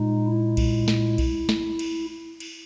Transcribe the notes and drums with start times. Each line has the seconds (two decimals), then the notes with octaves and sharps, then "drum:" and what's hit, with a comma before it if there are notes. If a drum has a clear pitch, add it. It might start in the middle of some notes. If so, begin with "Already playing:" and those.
Already playing: A#2 G#3 D#4
0.27 E4
0.57 drum: kick B1, cymbal
0.88 drum: snare
1.18 drum: kick B1, cymbal
1.49 drum: snare
1.79 drum: cymbal
2.40 drum: cymbal